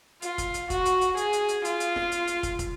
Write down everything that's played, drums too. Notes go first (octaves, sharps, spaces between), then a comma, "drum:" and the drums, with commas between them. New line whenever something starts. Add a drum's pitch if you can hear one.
F4, drum: hi-hat
drum: kick, hi-hat
drum: hi-hat
F#4, drum: kick, hi-hat
drum: hi-hat
drum: hi-hat
G#4, drum: hi-hat
drum: hi-hat
drum: hi-hat
F4, drum: hi-hat
drum: hi-hat
drum: snare
drum: hi-hat
drum: hi-hat
drum: kick, hi-hat
drum: kick, hi-hat